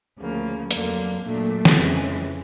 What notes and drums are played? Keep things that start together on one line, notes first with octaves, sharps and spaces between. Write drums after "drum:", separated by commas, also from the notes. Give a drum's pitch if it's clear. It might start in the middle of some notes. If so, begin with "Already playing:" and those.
D2 C#3 F3 A#3
F2 D3 F#3 A#3, drum: hi-hat
A#2 F#3 A3 D4
drum: snare
F2 C#3 E3 G#3